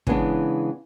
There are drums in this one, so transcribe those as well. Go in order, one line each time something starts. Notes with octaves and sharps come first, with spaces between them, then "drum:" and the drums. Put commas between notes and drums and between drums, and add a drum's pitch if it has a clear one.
C#3 E3 G#3 B3 D4, drum: kick